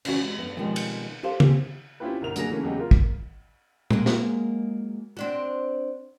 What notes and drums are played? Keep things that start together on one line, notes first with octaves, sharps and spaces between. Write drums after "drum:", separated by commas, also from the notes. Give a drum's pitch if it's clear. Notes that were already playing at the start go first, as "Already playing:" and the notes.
C#3 E3 F#4, drum: cymbal
C3 G#3
G2 A3 B3
B2 D#3 F3 G3 G#3 C4
drum: cymbal
G4 A4 C5 C#5 F5
C4 G4 G#4 C5, drum: tom C#3
C4 C#4 E4 F4 G4 B4
G1 C2 A#4 F7
D3 F#3 A#3 G#4 A#6 F7, drum: hi-hat
C#3 E3 A3 A#3 C#4
E2 C#3 F#3 G#3 G4
F4 A#4
drum: kick
F#3 G#3 A#3, drum: tom
drum: snare
C4 D4 F#4